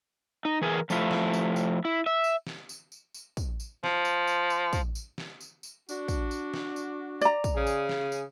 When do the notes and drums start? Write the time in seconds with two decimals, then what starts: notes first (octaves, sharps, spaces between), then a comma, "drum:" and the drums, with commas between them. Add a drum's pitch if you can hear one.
0.45 D#4
0.61 E3 G#4 A#4
0.90 F3 A3 E4 F4, drum: tambourine
1.11 drum: snare
1.33 drum: tambourine
1.56 drum: tambourine
1.85 E4
2.06 E5
2.24 drum: tambourine
2.47 drum: snare
2.69 drum: tambourine
2.92 drum: tambourine
3.14 drum: tambourine
3.37 drum: kick, tambourine
3.60 drum: tambourine
3.84 F3, drum: snare
4.05 drum: tambourine
4.27 drum: tambourine
4.50 drum: tambourine
4.73 drum: kick, tambourine
4.95 drum: tambourine
5.18 drum: snare
5.41 drum: tambourine
5.63 drum: tambourine
5.89 D4 F#4, drum: tambourine
6.08 drum: kick, tambourine
6.31 drum: tambourine
6.54 drum: snare
6.76 drum: tambourine
7.21 D5 A#5, drum: tambourine
7.44 drum: kick, tambourine
7.55 C#3 G#4
7.67 drum: tambourine
7.89 drum: snare
8.12 drum: tambourine